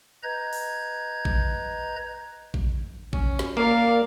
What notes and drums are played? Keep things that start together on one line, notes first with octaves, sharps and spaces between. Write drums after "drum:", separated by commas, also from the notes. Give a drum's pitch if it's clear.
B4 D#5 A#5 G6 G#6
drum: open hi-hat
drum: kick A1
drum: kick A1
C#4, drum: kick A1
drum: snare
A#3 A#4 D5 F5